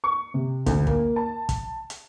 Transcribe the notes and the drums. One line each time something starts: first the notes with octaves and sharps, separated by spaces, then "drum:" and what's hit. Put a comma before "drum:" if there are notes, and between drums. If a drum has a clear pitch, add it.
C#6
C3
D2, drum: kick, hi-hat
A#3, drum: kick
A5
drum: kick, hi-hat
drum: hi-hat